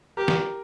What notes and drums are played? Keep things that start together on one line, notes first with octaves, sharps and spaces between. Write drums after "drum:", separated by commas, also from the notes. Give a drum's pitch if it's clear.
G4 A#4
drum: snare